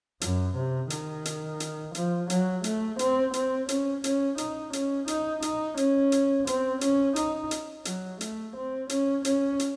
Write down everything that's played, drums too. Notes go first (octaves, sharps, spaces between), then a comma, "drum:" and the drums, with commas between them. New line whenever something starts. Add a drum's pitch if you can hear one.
F#2, drum: hi-hat
C3
D#3, drum: hi-hat
drum: hi-hat
drum: hi-hat
F3, drum: hi-hat
F#3, drum: hi-hat
A3, drum: hi-hat
C4, drum: hi-hat
C4, drum: hi-hat
C#4, drum: hi-hat
C#4, drum: hi-hat
D#4, drum: hi-hat
C#4, drum: hi-hat
D#4, drum: hi-hat
D#4, drum: hi-hat
C#4, drum: hi-hat
drum: hi-hat
C4, drum: hi-hat
C#4, drum: hi-hat
D#4, drum: hi-hat
drum: hi-hat
F#3, drum: hi-hat
A3, drum: hi-hat
C4
C#4, drum: hi-hat
C#4, drum: hi-hat
drum: hi-hat